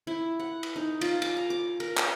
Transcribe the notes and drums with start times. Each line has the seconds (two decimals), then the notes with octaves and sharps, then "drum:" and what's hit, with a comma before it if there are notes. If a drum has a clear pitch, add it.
0.07 E4
0.40 F#5
0.63 drum: cymbal
0.76 D#4
1.01 F4, drum: cymbal
1.22 D6, drum: cymbal
1.37 A#5
1.50 D6
1.80 A#4, drum: cymbal
1.97 drum: clap